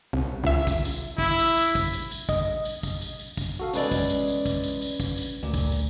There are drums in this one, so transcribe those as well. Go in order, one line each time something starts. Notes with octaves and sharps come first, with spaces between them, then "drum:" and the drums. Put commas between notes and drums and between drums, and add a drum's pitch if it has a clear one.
C2
C#2 E5
drum: kick, tambourine
drum: tambourine
E4, drum: kick
drum: tambourine
drum: tambourine
drum: kick, tambourine
drum: tambourine
drum: tambourine
D#5, drum: kick, tambourine
drum: tambourine
drum: kick, tambourine
drum: tambourine
drum: tambourine
drum: kick, tambourine
F#4 A4 F5
E2 G#3 C#4 B4 D5, drum: tambourine
drum: kick, tambourine
drum: tambourine
drum: tambourine
drum: kick, tambourine
drum: tambourine
drum: tambourine
drum: kick, tambourine
drum: tambourine
D2 A#2
drum: kick, tambourine
drum: tambourine